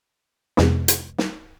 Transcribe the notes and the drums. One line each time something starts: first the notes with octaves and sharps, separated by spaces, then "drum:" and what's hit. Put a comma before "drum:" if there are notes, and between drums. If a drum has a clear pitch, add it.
F2 C3 G#3 B3, drum: snare
drum: hi-hat
drum: snare